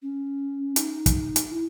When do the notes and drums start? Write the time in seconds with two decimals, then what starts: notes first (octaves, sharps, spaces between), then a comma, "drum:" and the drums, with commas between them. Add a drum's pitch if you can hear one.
0.02 C#4
0.76 D#4, drum: hi-hat
1.06 drum: kick, hi-hat
1.36 drum: hi-hat
1.51 E4